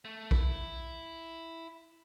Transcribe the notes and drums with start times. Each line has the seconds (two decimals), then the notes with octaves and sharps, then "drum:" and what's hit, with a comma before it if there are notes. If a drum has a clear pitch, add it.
0.05 A3
0.31 E4, drum: kick